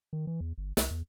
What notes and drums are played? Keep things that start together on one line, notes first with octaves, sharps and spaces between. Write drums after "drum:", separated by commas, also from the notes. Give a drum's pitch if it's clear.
D#3
E3
E2
G1
C2, drum: snare
E2